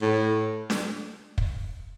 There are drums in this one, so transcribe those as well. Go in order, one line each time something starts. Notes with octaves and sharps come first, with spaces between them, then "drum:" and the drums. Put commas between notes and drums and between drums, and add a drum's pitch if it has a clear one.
A2
drum: snare D4
drum: kick